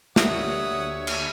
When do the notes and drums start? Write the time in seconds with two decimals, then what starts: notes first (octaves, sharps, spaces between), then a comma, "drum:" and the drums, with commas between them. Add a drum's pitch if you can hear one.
0.16 D2 G3 A#3 G4 C#5 E5 F#5 D#6, drum: snare
1.07 drum: cymbal